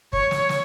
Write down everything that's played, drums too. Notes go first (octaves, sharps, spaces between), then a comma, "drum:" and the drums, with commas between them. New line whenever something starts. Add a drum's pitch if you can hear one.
C#5, drum: kick
drum: snare
drum: snare